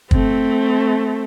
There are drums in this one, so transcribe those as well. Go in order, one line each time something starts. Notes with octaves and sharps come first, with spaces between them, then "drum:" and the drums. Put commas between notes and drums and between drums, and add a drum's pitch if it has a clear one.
A3 C4, drum: kick